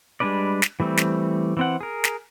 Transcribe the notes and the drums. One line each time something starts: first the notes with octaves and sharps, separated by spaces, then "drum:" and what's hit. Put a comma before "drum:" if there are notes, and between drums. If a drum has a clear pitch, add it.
G3 G#3 D4 B4 D5
drum: snare
E3 G3 A3 C4
drum: snare
E3 C4 F#5
G#4 A#4
drum: snare